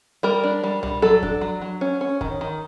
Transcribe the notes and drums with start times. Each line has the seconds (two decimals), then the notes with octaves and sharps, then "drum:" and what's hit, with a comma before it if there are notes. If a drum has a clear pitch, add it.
0.23 G3 A#4
0.44 D4
0.64 G3
0.83 G3, drum: tom B1
1.02 F#3 A4
1.23 D4, drum: kick
1.41 F#3
1.62 F#3
1.81 C#4
2.01 C#4
2.21 D#3, drum: kick
2.41 D#3